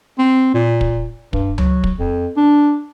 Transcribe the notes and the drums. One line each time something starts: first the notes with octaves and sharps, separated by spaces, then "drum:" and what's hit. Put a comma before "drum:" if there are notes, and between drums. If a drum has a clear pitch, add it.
C4
A#2
drum: kick
G2, drum: kick
F#3, drum: tom C#2
drum: kick
F2
D4